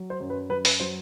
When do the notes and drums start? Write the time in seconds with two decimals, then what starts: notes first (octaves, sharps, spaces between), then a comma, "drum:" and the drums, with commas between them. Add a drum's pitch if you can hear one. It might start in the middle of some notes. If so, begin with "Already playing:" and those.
Already playing: F#3
0.10 C5
0.20 F#2
0.30 B4
0.50 F#2 B4
0.65 B4, drum: open hi-hat
0.80 F#3 C5